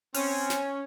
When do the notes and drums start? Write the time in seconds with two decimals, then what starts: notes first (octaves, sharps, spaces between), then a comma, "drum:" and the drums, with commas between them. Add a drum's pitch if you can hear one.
0.14 C4 C#4 C#5 G#5, drum: open hi-hat
0.50 drum: snare